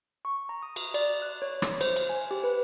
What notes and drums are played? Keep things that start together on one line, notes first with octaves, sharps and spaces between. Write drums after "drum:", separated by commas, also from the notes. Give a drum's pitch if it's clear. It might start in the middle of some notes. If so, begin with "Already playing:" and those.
C#6
A#5
D#6
drum: cymbal
D5, drum: cymbal
F#6
C#5
drum: rim click
C5, drum: cymbal
drum: cymbal
G#5
G4
B4